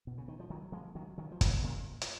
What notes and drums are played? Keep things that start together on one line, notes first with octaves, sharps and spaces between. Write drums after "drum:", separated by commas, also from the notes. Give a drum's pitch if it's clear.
B2
C#3
D#3
F3
D#3 F#3
F3 G#3
D#3 F#3
D#3 F#3
F3
B2 D#3, drum: kick G1, hi-hat
A#2 C#3
drum: hi-hat